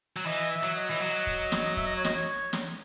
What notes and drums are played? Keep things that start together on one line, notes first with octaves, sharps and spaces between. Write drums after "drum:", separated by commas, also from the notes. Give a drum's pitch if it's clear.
F#3
E3 D#5
E5
F#3
D#5
E3
F#3
drum: kick
drum: snare
E5, drum: kick
D#5
C#5
D#5, drum: snare
C#5
drum: snare